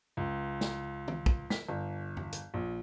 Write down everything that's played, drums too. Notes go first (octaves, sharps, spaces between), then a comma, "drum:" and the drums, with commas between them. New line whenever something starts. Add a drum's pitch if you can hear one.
C#2
drum: snare
drum: tom
drum: kick
B6, drum: snare
G1
drum: tom E2
drum: hi-hat
A#1